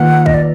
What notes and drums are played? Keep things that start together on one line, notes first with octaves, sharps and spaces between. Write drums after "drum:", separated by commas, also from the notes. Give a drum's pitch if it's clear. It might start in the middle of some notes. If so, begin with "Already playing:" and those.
Already playing: D#3 A#3 F4 B4 F#5
D#5, drum: kick
D5